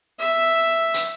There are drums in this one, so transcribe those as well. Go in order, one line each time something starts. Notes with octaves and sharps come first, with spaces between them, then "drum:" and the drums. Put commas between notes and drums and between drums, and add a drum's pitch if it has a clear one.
E5
drum: hi-hat